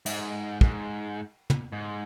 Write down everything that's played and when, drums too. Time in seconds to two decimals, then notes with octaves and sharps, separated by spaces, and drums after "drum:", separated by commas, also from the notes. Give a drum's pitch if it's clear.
0.06 G#2, drum: cymbal
0.61 G#2, drum: kick
1.50 drum: tom
1.72 G#2